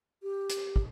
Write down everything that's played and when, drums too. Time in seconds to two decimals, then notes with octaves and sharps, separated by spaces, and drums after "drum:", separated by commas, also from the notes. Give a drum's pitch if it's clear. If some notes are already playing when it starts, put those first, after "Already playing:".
0.23 G4
0.49 drum: hi-hat
0.76 drum: kick